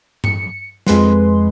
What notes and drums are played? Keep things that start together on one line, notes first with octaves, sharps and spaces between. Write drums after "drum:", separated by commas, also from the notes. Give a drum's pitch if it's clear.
C#7, drum: tom G2
F2 G#3 B4 C6, drum: snare